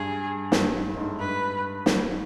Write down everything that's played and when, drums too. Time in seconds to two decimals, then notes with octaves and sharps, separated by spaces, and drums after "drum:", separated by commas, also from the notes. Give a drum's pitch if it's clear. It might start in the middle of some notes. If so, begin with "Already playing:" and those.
Already playing: G2 G#4
0.52 G2, drum: snare
0.88 A2
0.96 G#2
1.19 G2 B4
1.86 drum: snare